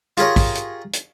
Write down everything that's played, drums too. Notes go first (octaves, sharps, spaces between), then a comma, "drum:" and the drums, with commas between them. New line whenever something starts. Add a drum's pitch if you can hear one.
F4 G4 G#4 A#4 C#5, drum: hi-hat
drum: kick, open hi-hat
drum: hi-hat
drum: hi-hat